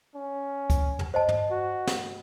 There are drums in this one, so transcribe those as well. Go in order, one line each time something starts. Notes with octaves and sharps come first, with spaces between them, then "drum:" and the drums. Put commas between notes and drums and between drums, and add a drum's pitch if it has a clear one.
C#4
drum: kick C#2, hi-hat
drum: tom
C5 D#5 A5
drum: tom
F#4
drum: snare